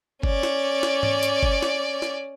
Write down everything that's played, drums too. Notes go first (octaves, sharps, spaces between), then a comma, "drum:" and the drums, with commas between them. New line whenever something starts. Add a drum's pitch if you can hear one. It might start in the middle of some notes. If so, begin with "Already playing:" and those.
C#4 D5, drum: kick F#1
drum: snare
drum: snare
drum: tom G#2
drum: hi-hat
drum: kick F#1
drum: snare
drum: snare